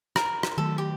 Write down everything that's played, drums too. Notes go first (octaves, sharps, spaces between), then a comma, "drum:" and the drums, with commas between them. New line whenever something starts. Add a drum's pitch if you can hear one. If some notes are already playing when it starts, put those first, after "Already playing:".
A#4, drum: rim click
drum: rim click
D#3 F#3 A3 A4
G4